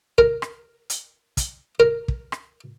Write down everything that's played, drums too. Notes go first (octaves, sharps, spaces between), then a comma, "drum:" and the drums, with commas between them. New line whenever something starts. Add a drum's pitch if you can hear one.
A#4, drum: kick
drum: rim click
drum: hi-hat
drum: kick, hi-hat
A#4
drum: kick
drum: rim click